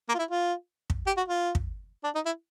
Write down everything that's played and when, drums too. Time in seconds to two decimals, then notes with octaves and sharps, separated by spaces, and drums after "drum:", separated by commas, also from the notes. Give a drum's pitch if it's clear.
0.09 A#3
0.14 F4
0.19 E4
0.30 F4
0.90 drum: kick
1.06 G4
1.17 F#4
1.28 F4
1.55 drum: kick
2.04 D4
2.15 D#4
2.26 E4